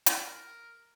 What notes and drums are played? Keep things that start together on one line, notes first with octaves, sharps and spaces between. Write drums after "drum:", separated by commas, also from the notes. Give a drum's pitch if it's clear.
drum: hi-hat
A#4